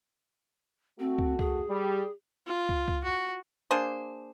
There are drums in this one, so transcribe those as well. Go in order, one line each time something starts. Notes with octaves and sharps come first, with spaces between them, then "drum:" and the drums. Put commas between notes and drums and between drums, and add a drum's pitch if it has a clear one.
A3 C4 F#4
drum: kick
G#4, drum: kick
G3
F4
drum: kick
drum: kick
F#4
A#3 D4 G#4 C5